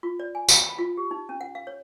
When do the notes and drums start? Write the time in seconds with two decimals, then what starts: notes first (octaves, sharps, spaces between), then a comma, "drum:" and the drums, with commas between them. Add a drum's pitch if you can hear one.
0.03 F4
0.20 D5
0.35 G#5
0.49 F5, drum: tambourine
0.67 B5
0.79 F4
0.97 G4
1.11 D#4
1.29 C#4
1.41 F#5
1.55 F5
1.67 C#5